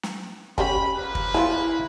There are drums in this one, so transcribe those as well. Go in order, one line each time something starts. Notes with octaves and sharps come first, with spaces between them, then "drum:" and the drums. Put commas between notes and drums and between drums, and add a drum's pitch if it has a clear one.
drum: snare
C#4 G4 G#4 B5, drum: kick
F3 A#3 B4
drum: kick
E4 F4 G#4